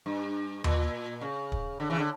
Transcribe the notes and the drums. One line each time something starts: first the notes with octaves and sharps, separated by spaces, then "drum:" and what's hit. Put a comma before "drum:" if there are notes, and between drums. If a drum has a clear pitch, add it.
G2
A#2, drum: tom D#2
C#3
drum: kick
D3
C#3 E3
D3